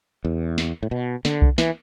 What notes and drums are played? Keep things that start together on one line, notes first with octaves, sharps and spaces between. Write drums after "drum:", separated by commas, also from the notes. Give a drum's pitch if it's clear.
E2
drum: snare
A2
B2
D3, drum: snare
drum: kick B1
E3, drum: snare